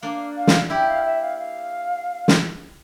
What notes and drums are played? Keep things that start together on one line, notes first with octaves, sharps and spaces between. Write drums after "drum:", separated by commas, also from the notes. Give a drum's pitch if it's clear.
A#3 D4 F5
F5
drum: snare
E4 G4 G5
F5
E5
F5
F5
drum: snare